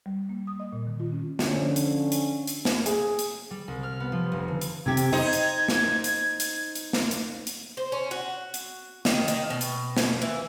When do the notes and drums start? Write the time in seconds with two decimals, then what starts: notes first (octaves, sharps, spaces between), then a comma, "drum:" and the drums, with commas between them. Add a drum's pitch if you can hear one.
0.06 G3
0.29 A#3
0.47 D#6
0.60 D#5
0.73 A#2
0.87 D#3
1.00 F4
1.12 C#4
1.39 D3 F3 C#4, drum: snare
1.76 drum: hi-hat
2.12 drum: hi-hat
2.47 drum: hi-hat
2.65 drum: snare
2.86 G#4, drum: hi-hat
3.19 drum: hi-hat
3.50 G3
3.68 C2
3.83 F6
4.00 B3
4.12 F3
4.32 F1
4.48 D3
4.61 drum: hi-hat
4.86 C3 G4 G#6
4.97 drum: hi-hat
5.13 D#4 C5
5.33 drum: hi-hat
5.69 drum: snare
6.04 drum: hi-hat
6.40 drum: hi-hat
6.76 drum: hi-hat
6.93 drum: snare
7.11 drum: hi-hat
7.47 drum: hi-hat
7.77 C5
7.92 C#4
8.11 F#4
8.54 drum: hi-hat
9.05 D#3, drum: snare
9.28 D#3, drum: hi-hat
9.50 B2
9.61 drum: hi-hat
9.97 drum: snare
10.22 E3